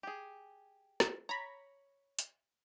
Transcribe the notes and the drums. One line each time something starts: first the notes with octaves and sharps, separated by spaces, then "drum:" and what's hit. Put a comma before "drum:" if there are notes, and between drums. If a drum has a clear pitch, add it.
G4 G#4
drum: snare
C#5 A#5 B5
drum: hi-hat